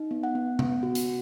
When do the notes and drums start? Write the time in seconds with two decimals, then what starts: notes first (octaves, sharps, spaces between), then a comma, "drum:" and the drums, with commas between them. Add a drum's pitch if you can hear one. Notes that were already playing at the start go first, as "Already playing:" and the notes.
Already playing: D#4
0.11 B3
0.23 F#5
0.35 B3
0.59 B3, drum: tom C3
0.83 F#4
0.95 drum: hi-hat